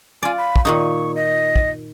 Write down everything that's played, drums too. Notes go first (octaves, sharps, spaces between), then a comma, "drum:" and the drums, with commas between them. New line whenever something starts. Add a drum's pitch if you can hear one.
F4 D5 G#5
B5
drum: kick
A#2 D#3 D#4 C#6
D#5
drum: kick